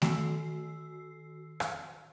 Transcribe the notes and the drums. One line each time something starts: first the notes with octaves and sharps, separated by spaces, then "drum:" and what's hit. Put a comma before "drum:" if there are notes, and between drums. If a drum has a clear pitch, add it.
D#3 F#4 E6 C7, drum: snare A3
drum: rim click